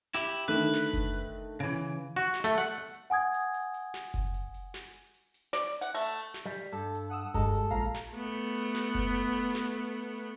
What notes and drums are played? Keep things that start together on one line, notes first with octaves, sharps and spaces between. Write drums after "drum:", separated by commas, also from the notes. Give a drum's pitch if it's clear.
E4 G4, drum: hi-hat
drum: hi-hat
D3 D#3 A3 B4
drum: snare
drum: kick F#1, hi-hat
drum: hi-hat
C#3 E3 G#6 D7
drum: hi-hat
F#4, drum: hi-hat
drum: snare
A3
F#5
drum: hi-hat
drum: hi-hat
F#5 G#5 D#6 G#6
drum: hi-hat
drum: hi-hat
drum: hi-hat
drum: snare
drum: kick F#1, hi-hat
drum: hi-hat
drum: hi-hat
drum: snare
drum: hi-hat
drum: hi-hat
drum: hi-hat
D5, drum: snare
F#5
A3, drum: hi-hat
drum: hi-hat
drum: snare
G3
G2 A4, drum: hi-hat
drum: hi-hat
F#5 D#6 E6
G2 G#3 A4, drum: kick F#1, hi-hat
drum: hi-hat
A#1 F5 A#5
drum: snare
A3 B3
drum: hi-hat
drum: hi-hat
drum: snare
drum: kick F#1, hi-hat
drum: hi-hat
drum: hi-hat
drum: snare
drum: hi-hat
drum: hi-hat